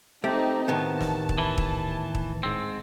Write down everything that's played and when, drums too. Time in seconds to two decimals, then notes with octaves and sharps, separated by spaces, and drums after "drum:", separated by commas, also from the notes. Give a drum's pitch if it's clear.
0.24 A3 C4 D#4 G4 A4
0.68 A2 D#3 B3 A5
1.01 drum: snare
1.29 drum: kick
1.38 E3
1.58 drum: kick
2.15 drum: kick
2.43 G#2 C4